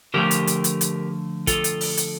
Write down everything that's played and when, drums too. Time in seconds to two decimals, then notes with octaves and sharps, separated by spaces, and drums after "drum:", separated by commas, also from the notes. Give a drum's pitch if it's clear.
0.14 D3 F3 A3 G4 A#4
0.31 drum: hi-hat
0.47 drum: hi-hat
0.64 drum: hi-hat
0.81 drum: hi-hat
1.47 F4 A4, drum: kick, hi-hat
1.64 drum: hi-hat
1.81 drum: open hi-hat
1.97 drum: hi-hat